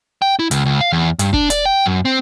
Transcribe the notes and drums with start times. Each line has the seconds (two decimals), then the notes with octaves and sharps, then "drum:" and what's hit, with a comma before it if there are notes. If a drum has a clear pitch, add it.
0.22 G5
0.39 E4
0.51 C#2, drum: hi-hat
0.65 C#2
0.81 F5
0.92 E2
1.19 G2, drum: hi-hat
1.33 D4, drum: kick
1.50 D5, drum: hi-hat
1.66 G5
1.86 F#2
2.05 C4